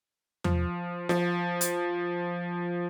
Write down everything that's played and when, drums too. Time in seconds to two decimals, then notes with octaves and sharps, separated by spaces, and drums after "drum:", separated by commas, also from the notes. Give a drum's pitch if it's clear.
0.44 F3, drum: tom E2
1.09 F3, drum: snare F4
1.61 drum: hi-hat